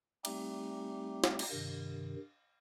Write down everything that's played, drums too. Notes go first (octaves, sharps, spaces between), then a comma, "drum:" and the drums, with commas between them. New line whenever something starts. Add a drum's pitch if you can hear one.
G3 A3 C4 D#4 G4, drum: cymbal
drum: snare
drum: cymbal
G2 C3 D#3